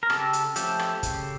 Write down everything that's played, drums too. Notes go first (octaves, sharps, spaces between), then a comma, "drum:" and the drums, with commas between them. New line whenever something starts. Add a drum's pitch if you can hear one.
A#4
C#3 G4 A4, drum: rim click
drum: hi-hat
F3 A3 C#4 G4 A4, drum: hi-hat
drum: rim click
C#3, drum: kick, hi-hat